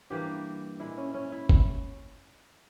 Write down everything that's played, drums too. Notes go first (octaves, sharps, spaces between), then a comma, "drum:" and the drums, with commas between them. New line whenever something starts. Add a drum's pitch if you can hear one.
G2 E3 A#3 G4
A#2 G#3 E4
C#4
C#4
E4
drum: kick F#1